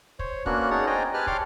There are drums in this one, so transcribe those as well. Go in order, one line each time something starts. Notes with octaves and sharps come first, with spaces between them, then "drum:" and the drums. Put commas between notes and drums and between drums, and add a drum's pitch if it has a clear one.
C5 C#5, drum: kick
A#3 B3 C#4 D4 F#4 F#6, drum: kick
C#4 D#4 G#4 C#5 D5 F#5
C5 D5 D#5 G5 G#5 A#5
G4 B4 G#5 A5 F6 F#6
G4 C#5 D5 C6 D6 F6, drum: kick